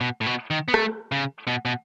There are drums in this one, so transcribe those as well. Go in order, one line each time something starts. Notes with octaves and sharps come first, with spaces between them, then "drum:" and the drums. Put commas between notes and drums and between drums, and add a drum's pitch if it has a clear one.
B2
A2
B2
D#3
B3
A3, drum: rim click
C#3
B2
B2